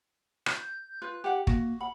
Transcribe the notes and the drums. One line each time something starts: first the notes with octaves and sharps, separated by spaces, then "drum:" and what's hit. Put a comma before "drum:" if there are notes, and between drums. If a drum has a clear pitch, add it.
G6, drum: rim click
F4 B4 F#6
G4 F#5
A#3 F#4, drum: kick
F#5 B5